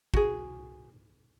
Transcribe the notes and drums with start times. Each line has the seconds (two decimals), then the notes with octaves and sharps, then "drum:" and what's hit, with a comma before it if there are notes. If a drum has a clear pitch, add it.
0.14 F#4 G#4, drum: kick